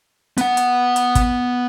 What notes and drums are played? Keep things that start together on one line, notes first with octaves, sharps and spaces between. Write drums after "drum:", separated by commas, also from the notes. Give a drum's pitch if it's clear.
B3 F#5, drum: hi-hat
drum: hi-hat
drum: hi-hat
drum: kick, hi-hat